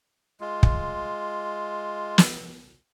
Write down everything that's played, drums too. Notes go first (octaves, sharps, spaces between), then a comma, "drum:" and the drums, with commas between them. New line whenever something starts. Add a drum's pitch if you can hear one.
G#3 F4
drum: kick
drum: snare